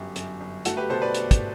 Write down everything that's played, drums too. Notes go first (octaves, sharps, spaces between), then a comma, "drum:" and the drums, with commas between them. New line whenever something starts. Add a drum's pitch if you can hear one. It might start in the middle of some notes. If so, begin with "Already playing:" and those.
Already playing: G1 F#2 G4
F#2, drum: hi-hat
G1
A3 F#4 A4, drum: hi-hat
G4 B4
B2 A4 C5
B4 D5
drum: hi-hat
drum: kick, hi-hat